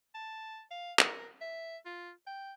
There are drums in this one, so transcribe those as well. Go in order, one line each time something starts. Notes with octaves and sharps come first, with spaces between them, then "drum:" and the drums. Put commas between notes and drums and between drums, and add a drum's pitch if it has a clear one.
A5
F5
A#4, drum: clap
E5
F4
G5